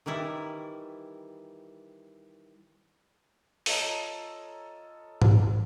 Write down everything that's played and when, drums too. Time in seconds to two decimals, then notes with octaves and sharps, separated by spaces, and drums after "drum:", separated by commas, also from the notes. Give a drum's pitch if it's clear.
0.06 D#3 E3 G3 E4
3.66 F4 A4 C#5 D#5 A5 A#5, drum: open hi-hat
5.22 drum: tom G#2